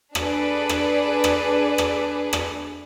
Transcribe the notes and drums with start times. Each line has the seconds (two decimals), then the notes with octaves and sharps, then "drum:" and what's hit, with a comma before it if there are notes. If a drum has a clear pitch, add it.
0.15 D4 G#4 A4 B4 D5, drum: rim click
0.69 drum: rim click
1.24 drum: rim click
1.78 drum: rim click
2.33 drum: rim click